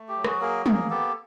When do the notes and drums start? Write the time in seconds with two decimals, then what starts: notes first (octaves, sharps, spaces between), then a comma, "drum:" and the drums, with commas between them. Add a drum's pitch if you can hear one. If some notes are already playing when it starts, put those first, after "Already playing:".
Already playing: A3
0.09 G4
0.17 F#3
0.24 F#4 G#4, drum: rim click
0.41 A#3 G#4 A#4
0.66 A#3 G#4 A#4, drum: tom
0.90 B3 G4 A4